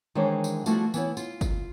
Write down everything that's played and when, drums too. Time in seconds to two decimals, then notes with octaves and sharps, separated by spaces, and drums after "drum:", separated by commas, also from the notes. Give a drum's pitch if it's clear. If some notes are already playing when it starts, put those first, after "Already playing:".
0.15 D#3 E3 G#3 D4 C5 C#5
0.44 drum: tambourine
0.66 F3 G3 A3 B3 E4 F#4, drum: tambourine
0.94 E3 B3 E4 C#5, drum: tambourine
1.17 F4, drum: tambourine
1.41 drum: kick, tambourine